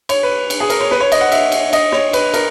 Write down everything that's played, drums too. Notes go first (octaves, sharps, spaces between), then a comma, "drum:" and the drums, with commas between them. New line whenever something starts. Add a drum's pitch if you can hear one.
C#5, drum: cymbal
B4
drum: cymbal
G#4
A#4, drum: cymbal
C#5
B4, drum: snare
C#5
D#5, drum: cymbal
F#5
E5, drum: cymbal
drum: cymbal
D#5, drum: cymbal
C#5, drum: snare
B4, drum: cymbal
A#4, drum: cymbal